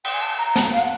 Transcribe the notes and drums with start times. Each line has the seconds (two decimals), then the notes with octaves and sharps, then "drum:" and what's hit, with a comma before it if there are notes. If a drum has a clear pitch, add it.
0.04 G5, drum: cymbal
0.14 G#5
0.22 A5
0.38 A#5
0.50 A#5
0.56 A5, drum: snare
0.73 F5
0.79 F#5